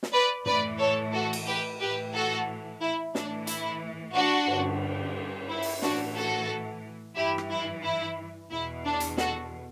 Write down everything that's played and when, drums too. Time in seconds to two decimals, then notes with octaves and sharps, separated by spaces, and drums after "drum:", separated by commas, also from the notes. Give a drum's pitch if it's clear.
0.03 drum: snare
0.13 B4 D5
0.46 A2 E3 B4 D5, drum: tom F#2
0.79 A4 C#5
1.12 F#4 A4
1.33 drum: cymbal
1.46 G4 B4
1.80 A2 E3 G4 B4
2.14 F#4 A4
2.80 E4
3.15 A2 E3 D4, drum: snare
3.47 E4, drum: hi-hat
4.14 D4 F#4
4.48 G2 D3, drum: cymbal
5.49 E4
5.62 drum: open hi-hat
5.82 A2 E3 D4 F#4, drum: snare
6.16 F#4 A4
7.16 G2 E3 E4 G4
7.38 drum: rim click
7.51 E4
7.83 E4
8.50 E2 B2 E4
8.85 D4
9.00 drum: hi-hat
9.17 F#4 A4, drum: snare